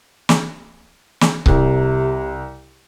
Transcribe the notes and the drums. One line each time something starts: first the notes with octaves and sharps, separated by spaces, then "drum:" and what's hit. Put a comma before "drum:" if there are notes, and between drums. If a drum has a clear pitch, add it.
drum: snare
drum: snare
C2 C3, drum: kick C#1